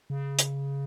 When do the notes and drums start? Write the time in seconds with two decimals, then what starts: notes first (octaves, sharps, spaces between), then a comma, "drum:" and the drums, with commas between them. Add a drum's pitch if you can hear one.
0.10 C#3
0.39 drum: hi-hat